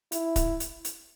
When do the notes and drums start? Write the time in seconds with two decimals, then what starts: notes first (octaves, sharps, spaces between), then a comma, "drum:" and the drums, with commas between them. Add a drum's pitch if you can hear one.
0.12 E4, drum: hi-hat
0.36 drum: kick D1, hi-hat
0.60 drum: hi-hat
0.85 drum: hi-hat